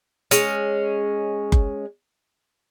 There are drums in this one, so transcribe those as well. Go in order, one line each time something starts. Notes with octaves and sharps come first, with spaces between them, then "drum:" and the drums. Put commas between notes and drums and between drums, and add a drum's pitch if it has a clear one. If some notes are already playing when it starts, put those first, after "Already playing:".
G#3 C#4, drum: hi-hat
drum: kick F#1